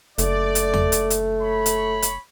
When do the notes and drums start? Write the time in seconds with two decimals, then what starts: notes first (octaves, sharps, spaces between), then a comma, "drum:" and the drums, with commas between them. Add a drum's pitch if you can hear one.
0.18 F#1 A3 D5, drum: hi-hat
0.55 drum: hi-hat
0.74 drum: tom E2
0.92 drum: hi-hat
1.10 drum: hi-hat
1.40 C#5 B5
1.66 drum: hi-hat
2.02 drum: hi-hat